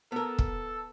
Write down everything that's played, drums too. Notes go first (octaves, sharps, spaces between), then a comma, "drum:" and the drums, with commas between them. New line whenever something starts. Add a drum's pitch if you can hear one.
B3 A4 A#4
drum: kick